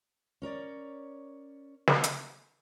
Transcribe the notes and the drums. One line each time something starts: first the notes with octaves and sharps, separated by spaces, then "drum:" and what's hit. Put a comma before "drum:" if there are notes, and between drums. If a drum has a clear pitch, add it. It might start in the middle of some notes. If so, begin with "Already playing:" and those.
C#4 A#4 C#5 D5
drum: snare
drum: hi-hat